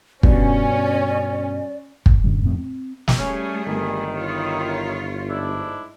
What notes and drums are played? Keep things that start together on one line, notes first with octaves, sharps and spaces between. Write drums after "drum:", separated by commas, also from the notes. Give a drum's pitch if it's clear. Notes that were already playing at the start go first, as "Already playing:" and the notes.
G2 B2 C#4 D5, drum: kick
G1, drum: kick
F#2 A2 D3 G3
F2 A2 C4
C4
drum: snare
G3 A3 C#4 G#4
G1 D#3
E4 F4 C#5
G#2 D4 E4